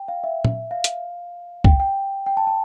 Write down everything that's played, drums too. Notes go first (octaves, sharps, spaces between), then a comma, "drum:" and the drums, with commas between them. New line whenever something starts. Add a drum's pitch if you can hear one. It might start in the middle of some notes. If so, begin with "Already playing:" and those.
Already playing: G5
F5
E5
drum: tom
F5
drum: hi-hat
G5, drum: kick
G5
G5
A5
A5